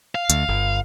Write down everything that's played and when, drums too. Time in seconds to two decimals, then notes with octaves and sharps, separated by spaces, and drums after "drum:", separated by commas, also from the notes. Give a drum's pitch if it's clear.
0.15 F5
0.30 D2, drum: hi-hat
0.49 G1